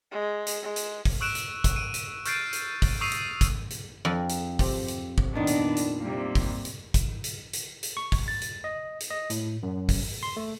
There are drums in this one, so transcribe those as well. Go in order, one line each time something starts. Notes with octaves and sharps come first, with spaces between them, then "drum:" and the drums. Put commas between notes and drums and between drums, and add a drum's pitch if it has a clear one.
G#3
drum: hi-hat
G#3
drum: hi-hat
drum: kick, open hi-hat
C#6 E6 F#6 D7 E7
drum: hi-hat
drum: kick, hi-hat
D7 D#7
drum: hi-hat
C#6 F6 G6 A6 C7 D7, drum: hi-hat
drum: hi-hat
drum: kick, open hi-hat
C#6 D#6 E6 C7 D#7
drum: hi-hat
drum: kick, hi-hat
drum: hi-hat
F2
drum: hi-hat
C4 G4, drum: kick, open hi-hat
drum: hi-hat
drum: kick
A#2 D#3 B3 D4 D#4
drum: hi-hat
drum: hi-hat
C3 G3 A#3
drum: kick, open hi-hat
drum: hi-hat
drum: kick, hi-hat
drum: hi-hat
drum: hi-hat
drum: hi-hat
C#6
drum: kick, open hi-hat
A6
drum: hi-hat
D#5
drum: hi-hat
D#5
A2, drum: hi-hat
F#2
drum: kick, open hi-hat
C6
A3